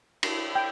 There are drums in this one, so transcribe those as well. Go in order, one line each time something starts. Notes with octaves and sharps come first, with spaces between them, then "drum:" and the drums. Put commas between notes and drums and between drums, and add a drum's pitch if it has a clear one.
drum: cymbal
G5